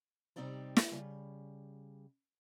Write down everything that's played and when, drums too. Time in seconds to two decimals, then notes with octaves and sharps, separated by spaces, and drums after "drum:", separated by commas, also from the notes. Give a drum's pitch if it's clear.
0.36 C3 G3 C4 D#4 D5 A#5
0.77 drum: snare
0.92 C#3 G3